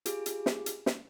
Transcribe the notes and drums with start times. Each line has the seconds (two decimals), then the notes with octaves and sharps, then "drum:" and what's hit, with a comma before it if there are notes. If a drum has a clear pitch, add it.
0.06 F4 G4 G#4, drum: hi-hat
0.26 drum: hi-hat
0.46 drum: snare
0.66 drum: hi-hat
0.86 drum: snare